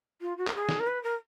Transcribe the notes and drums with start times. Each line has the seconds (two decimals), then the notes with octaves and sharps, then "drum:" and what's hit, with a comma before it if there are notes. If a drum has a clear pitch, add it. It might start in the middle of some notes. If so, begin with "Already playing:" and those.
0.21 F4
0.37 F#4
0.47 A#4, drum: clap
0.55 G#4
0.69 drum: snare
0.80 A#4
0.87 B4
1.03 A#4